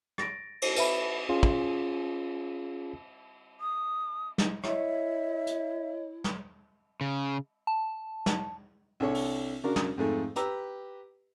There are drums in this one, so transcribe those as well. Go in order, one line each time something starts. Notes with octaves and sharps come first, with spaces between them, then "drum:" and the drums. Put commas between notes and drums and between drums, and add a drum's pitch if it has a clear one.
A6 A#6 D7, drum: rim click
drum: cymbal
B4 E5 B5, drum: tambourine
C#4 F4 G#4
drum: kick
D#6
drum: snare
E4 C#5 D#5 E5, drum: rim click
drum: hi-hat
drum: snare
C#3
A5
drum: snare
C2 D4 A4 C#5
drum: open hi-hat
C#3 D4 F#4 A#4
drum: snare
F2 G#2 A3
G4 B4 A#5 E6, drum: hi-hat